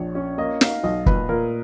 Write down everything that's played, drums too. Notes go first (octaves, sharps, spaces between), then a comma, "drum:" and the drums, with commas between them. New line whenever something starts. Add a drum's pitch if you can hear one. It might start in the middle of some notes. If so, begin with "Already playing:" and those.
Already playing: A#1 C#5
C#4
A#3 D#5
D#4 F5, drum: snare
B1 D#5
A#2 B4, drum: kick
A#2 A#4